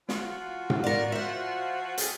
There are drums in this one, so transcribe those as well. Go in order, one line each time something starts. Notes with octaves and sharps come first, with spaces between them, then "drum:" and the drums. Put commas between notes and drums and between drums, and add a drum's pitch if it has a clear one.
F3 F4 F#4, drum: snare
drum: tom A2
A#4 D5
C5 E5
A3 C4 G#4, drum: hi-hat